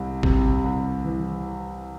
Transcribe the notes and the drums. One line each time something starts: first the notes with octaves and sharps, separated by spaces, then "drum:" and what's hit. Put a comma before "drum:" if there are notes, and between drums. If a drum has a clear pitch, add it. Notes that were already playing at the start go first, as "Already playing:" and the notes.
Already playing: C2 C3
C3, drum: kick
C2
E3